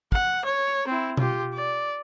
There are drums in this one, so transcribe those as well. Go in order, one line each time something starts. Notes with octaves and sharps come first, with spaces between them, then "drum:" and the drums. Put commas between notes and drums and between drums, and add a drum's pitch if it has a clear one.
F#5, drum: kick
C#5
C4 E4
F4 G4, drum: tom B2
D5